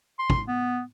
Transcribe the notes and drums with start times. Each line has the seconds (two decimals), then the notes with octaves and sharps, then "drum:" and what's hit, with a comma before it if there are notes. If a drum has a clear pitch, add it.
0.19 C6
0.30 drum: kick
0.48 B3